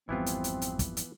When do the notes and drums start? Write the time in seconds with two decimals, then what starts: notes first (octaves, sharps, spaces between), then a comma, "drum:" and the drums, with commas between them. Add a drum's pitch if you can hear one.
0.09 G#1 F2 E3 G3 B3 C4 E4 F4
0.26 drum: hi-hat
0.44 drum: hi-hat
0.62 drum: hi-hat
0.79 drum: kick, hi-hat
0.97 drum: hi-hat